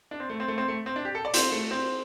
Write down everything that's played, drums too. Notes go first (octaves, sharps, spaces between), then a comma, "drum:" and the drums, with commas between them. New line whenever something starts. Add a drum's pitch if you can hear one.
D4
C4
A3
C4
A3
C4
A3
C4
D4
G4
A4
D5
C4, drum: hi-hat
A3
C4